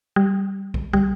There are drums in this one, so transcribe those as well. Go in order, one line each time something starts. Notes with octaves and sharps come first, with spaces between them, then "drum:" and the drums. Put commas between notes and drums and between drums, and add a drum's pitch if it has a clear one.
G3
drum: kick
G3, drum: kick